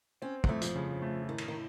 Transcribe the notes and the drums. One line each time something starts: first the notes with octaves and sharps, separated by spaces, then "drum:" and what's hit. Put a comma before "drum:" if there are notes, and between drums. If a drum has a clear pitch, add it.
C4 C#4
F#3, drum: kick
F2 A3
F3, drum: hi-hat
C#3
A3
A2 D#3
drum: cymbal
D#3